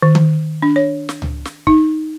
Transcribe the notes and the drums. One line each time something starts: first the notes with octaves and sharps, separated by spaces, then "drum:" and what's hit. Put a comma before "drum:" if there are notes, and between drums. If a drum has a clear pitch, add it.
D#3
drum: tom D#3
D4
C#5
drum: snare
drum: tom C#2
drum: snare
D#4, drum: kick